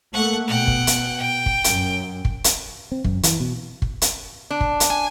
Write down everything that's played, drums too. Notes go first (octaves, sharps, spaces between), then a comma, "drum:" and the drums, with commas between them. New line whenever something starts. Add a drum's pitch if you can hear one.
A3 A#3 F#5 C#6
B2 F#5 G5
drum: kick
drum: hi-hat
G5
drum: kick
F#2, drum: hi-hat
drum: kick
drum: hi-hat
C4
F#2, drum: kick
E3, drum: hi-hat
B2
drum: kick
drum: hi-hat
D4
drum: kick
drum: hi-hat
G#5